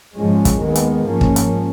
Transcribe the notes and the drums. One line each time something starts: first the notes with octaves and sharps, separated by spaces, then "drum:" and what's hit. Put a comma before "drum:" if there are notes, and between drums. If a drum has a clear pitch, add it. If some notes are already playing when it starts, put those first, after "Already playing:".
G#2 F3 G#3 C#4
drum: kick, hi-hat
D#2 D#3 G#3 B3
drum: hi-hat
G#2 F3 A#3 C#4
drum: kick
drum: hi-hat